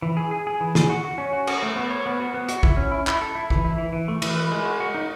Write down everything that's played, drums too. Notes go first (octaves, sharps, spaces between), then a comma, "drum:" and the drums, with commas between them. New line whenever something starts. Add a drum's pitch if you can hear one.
E3
G#4
G#4
G#4
E3
G#4, drum: snare
F#4
F#4
C#4
F#4
F#4, drum: cymbal
A3
B3
C#5
B3
F#4
B3
F#4, drum: hi-hat
E4, drum: kick
C#4
E4
E4, drum: clap
A4
E4
E3, drum: kick
E4
E3
E3
A3
E3, drum: cymbal
B4
G#3
F#4
F#4
D#4